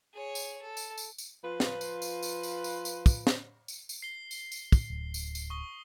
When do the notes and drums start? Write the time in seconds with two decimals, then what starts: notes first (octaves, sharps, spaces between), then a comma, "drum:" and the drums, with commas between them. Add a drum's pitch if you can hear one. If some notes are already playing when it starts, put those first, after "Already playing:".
0.14 G#4 C#5
0.35 drum: tambourine
0.62 A4
0.77 drum: tambourine
0.98 drum: tambourine
1.18 drum: tambourine
1.44 F3 F4 B4
1.60 drum: snare
1.81 drum: tambourine
2.02 drum: tambourine
2.23 drum: tambourine
2.43 drum: tambourine
2.64 drum: tambourine
2.85 drum: tambourine
3.06 drum: kick, tambourine
3.27 drum: snare
3.68 drum: tambourine
3.89 drum: tambourine
4.02 C7 G7
4.31 drum: tambourine
4.52 drum: tambourine
4.72 drum: kick, tambourine
4.90 D1
5.14 drum: tambourine
5.35 drum: tambourine
5.50 C#6 D#6 G7